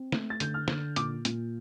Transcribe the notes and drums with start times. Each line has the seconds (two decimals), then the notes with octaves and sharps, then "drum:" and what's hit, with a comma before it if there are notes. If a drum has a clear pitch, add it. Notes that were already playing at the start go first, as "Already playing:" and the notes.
Already playing: C4
0.12 A3, drum: snare
0.30 A6
0.40 D3 G6, drum: hi-hat
0.54 F6
0.68 D3, drum: snare
0.96 A#2 D6, drum: hi-hat
1.25 A#2, drum: hi-hat